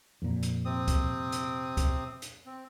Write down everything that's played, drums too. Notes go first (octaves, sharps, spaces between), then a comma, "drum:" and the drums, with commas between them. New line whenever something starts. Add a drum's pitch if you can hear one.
F2 A#2
drum: hi-hat
C3 C4 D#6
drum: kick, hi-hat
drum: hi-hat
drum: kick, hi-hat
drum: hi-hat
C4